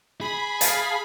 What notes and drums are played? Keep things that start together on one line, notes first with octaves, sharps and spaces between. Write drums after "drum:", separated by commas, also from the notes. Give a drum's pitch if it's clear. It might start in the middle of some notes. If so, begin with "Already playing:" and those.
G#4 B5
F5 A5, drum: hi-hat